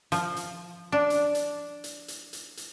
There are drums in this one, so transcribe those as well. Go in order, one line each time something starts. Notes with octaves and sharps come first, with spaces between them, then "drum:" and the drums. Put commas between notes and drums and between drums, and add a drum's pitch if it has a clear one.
F3, drum: hi-hat
drum: hi-hat
D4
drum: hi-hat
drum: hi-hat
drum: hi-hat
drum: hi-hat
drum: hi-hat
drum: hi-hat